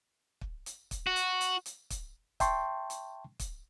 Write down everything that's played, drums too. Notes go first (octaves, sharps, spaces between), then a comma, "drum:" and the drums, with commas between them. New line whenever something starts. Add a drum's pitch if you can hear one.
drum: kick
drum: hi-hat
drum: kick, hi-hat
F#4
drum: hi-hat
drum: hi-hat
drum: hi-hat
drum: kick, hi-hat
E5 G5 A5 C6 C#6, drum: kick, hi-hat
drum: hi-hat
drum: kick, hi-hat